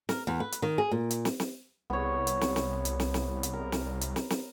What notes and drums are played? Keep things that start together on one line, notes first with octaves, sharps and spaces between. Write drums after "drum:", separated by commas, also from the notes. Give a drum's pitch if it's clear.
A#4, drum: snare
E2
B4
drum: hi-hat
D#3
G#4
A#2
drum: hi-hat
drum: snare
drum: snare
C2 B3 C#5
drum: hi-hat
drum: snare
drum: snare
drum: hi-hat
drum: snare
drum: snare
drum: hi-hat
A#4
drum: snare
drum: hi-hat
drum: snare
drum: snare